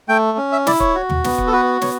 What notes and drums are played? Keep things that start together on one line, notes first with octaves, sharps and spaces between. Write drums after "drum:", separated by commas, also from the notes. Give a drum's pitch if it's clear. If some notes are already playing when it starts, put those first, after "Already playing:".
A3 G5
C#4
E5
E4 D5, drum: snare
C#5, drum: kick
F#4
drum: tom
B3, drum: snare
drum: kick
A4
F#4 B4
B3 C#5, drum: snare